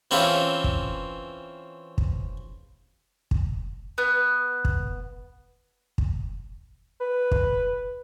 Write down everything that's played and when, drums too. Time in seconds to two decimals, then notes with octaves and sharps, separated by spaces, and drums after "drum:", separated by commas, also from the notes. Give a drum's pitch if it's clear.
0.11 E3 C4 C#4 E4 F4 A4
0.64 drum: kick
1.98 drum: kick
3.31 drum: kick
3.98 B3
4.65 drum: kick
5.98 drum: kick
7.01 B4
7.31 drum: kick